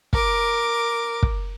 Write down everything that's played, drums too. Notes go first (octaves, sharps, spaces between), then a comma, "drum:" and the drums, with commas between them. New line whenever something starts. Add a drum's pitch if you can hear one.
A#4 D6, drum: kick
drum: kick